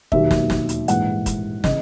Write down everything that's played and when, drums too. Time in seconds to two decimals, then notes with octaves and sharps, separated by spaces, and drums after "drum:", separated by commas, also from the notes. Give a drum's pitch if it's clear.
0.12 E1 D#2 D#3 F#3 E5, drum: kick
0.31 drum: snare
0.50 drum: snare
0.69 drum: hi-hat
0.88 A#1 G#2 E3 F#5, drum: hi-hat
1.26 drum: kick, hi-hat
1.64 C#3 E3 D#5, drum: snare